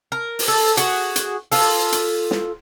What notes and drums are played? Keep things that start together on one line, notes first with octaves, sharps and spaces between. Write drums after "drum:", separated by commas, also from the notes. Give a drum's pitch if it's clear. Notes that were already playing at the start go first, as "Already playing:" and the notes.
A#4
drum: open hi-hat
A4
F#4 G#4, drum: hi-hat
drum: hi-hat
F4 A4, drum: open hi-hat
drum: hi-hat
drum: snare